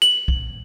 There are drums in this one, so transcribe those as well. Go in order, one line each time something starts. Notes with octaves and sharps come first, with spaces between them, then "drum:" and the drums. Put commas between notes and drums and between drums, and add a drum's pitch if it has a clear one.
F#7, drum: hi-hat
drum: kick